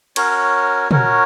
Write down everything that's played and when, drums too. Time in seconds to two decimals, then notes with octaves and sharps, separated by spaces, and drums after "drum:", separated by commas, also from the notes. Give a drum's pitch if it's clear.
0.16 C#4 F#4 A#4 C#5, drum: cymbal
0.91 C#4 F#4 A#4 C#5, drum: tom